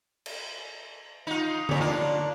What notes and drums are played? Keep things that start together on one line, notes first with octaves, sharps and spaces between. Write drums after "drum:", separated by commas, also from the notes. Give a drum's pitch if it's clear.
drum: cymbal
D#4 F4
F2 C#5, drum: tom D3
A#3 D4 F4